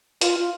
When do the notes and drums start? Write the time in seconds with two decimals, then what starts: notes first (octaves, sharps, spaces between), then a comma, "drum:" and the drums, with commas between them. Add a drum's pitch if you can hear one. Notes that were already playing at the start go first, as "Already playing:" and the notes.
0.21 F4, drum: hi-hat
0.36 F4